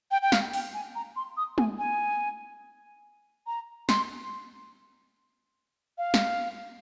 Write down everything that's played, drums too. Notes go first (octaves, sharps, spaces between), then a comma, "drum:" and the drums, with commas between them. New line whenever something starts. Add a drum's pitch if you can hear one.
G5
G5
F5, drum: snare
G5, drum: open hi-hat
G#5
A#5
C6
D#6
G#5, drum: tom
G#5
A#5
C6, drum: snare
F5
drum: snare